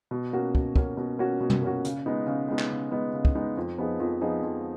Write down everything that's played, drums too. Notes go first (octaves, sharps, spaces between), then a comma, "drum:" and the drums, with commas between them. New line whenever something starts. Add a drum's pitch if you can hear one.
B2
A#3 C#4 F#4
B2, drum: kick
A#3 C#4 F#4, drum: kick
B2
A#3 C#4 F#4
B2
drum: tom
A#3 C#4 F#4
C#3, drum: hi-hat
G#3 B3 D#4
C#3
G#3 B3 D#4
drum: clap
C#3
G#3 B3 D#4
C#3
drum: kick
G#3 B3 D#4
F2
F3 B3 D#4 G#4
F2
F3 B3 D#4 G#4
F2